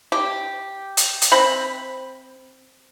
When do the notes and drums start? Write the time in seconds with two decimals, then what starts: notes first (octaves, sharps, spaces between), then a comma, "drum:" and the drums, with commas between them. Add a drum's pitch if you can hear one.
0.12 G4
0.97 drum: hi-hat
1.22 drum: hi-hat
1.32 C4 B5